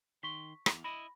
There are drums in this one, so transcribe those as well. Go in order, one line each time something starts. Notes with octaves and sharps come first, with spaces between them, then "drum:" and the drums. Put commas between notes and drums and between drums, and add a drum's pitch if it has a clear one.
D#3 C6 C#6 B6
E2 F7, drum: rim click
E4 D#5 B5 A#6